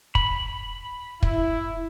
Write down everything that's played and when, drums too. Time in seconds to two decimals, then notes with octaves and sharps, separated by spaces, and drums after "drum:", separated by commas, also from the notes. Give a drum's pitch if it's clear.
0.15 B5, drum: kick
1.23 E4, drum: kick